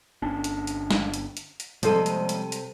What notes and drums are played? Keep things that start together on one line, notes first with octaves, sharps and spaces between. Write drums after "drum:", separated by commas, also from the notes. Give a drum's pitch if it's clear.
G1 C#4 D4
drum: hi-hat
drum: hi-hat
drum: snare
drum: hi-hat
drum: hi-hat
drum: hi-hat
C3 F3 G3 G#3 C4 A4 C5 D#7, drum: hi-hat
drum: hi-hat
drum: hi-hat
drum: hi-hat